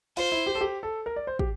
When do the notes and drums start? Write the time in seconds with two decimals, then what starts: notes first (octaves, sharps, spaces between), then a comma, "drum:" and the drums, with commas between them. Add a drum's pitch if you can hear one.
0.17 F4 C5, drum: cymbal
0.32 E4
0.46 G4
0.55 A4
0.61 G4
0.83 A4
1.06 A#4
1.16 D5
1.27 C5
1.39 G4, drum: kick